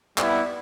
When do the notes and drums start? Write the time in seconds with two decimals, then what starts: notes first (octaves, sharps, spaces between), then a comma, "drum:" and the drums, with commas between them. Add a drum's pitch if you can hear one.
0.18 G3 B3 E4 D5, drum: clap